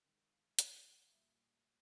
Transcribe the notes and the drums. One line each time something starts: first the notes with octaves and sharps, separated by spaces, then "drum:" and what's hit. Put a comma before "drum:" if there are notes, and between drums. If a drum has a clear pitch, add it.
C3 D#3 G#3
F5
E5, drum: hi-hat
F5
A#2 G3 E5